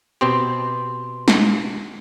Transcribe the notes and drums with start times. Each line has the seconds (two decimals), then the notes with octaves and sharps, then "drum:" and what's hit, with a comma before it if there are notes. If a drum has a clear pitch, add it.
0.21 B2 C4 G4 C6
1.28 drum: snare